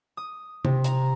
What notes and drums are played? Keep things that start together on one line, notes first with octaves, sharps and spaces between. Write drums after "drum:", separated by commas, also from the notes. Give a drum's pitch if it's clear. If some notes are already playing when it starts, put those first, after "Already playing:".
D#6
C3, drum: tom
A#5, drum: hi-hat